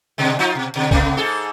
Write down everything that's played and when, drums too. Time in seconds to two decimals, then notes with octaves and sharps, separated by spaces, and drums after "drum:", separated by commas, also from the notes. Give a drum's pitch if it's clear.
0.18 B2 D3 G#3
0.39 F3 D#4 F4
0.55 B2
0.76 B2 D3
0.91 C3 A3 B3, drum: kick C2
1.17 G#2 G#4 A4